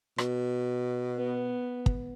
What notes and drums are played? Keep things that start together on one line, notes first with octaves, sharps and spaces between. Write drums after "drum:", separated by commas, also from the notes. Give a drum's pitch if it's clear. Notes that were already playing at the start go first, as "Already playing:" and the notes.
B2, drum: rim click
B3
drum: kick